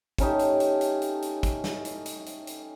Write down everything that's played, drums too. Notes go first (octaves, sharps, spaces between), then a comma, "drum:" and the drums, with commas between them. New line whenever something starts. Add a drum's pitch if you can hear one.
A3 C#4 D#4 G4, drum: kick, hi-hat
drum: hi-hat
drum: hi-hat
drum: hi-hat
drum: hi-hat
drum: hi-hat
drum: kick, hi-hat
drum: snare
drum: hi-hat
drum: hi-hat
drum: hi-hat
drum: hi-hat